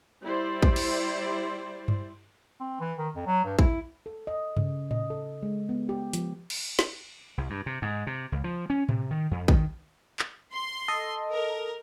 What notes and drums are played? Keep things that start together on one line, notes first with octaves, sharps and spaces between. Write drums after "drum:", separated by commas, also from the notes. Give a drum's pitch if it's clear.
G3 E4 G4 C5 D5
drum: kick
drum: cymbal
drum: tom G2
C4
E3
D#3
F2
F#3
G2
E4, drum: kick
A4
D#5
C#3, drum: tom G2
D#5, drum: tom A2
A4
G#3
B3
G4
F3, drum: hi-hat
drum: cymbal
drum: snare
C2
G2
C3
G#2
C3
C#2
F3
C#4
C3, drum: tom A2
D#3
F2
D#3, drum: kick
drum: clap
C6
A4 D#5
A#4